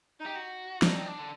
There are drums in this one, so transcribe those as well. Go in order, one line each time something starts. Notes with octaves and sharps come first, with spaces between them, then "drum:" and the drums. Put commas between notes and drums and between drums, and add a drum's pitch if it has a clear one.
D#4
G4
F#4
D4 D#4, drum: snare
C4
D4
D3